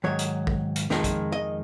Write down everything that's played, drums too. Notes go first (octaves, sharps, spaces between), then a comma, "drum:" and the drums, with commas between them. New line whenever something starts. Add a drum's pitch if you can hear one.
G#2 D#3 F#3 C#5
drum: hi-hat
drum: kick
drum: hi-hat
F2 D#3 G#3, drum: snare
drum: kick, hi-hat
D#5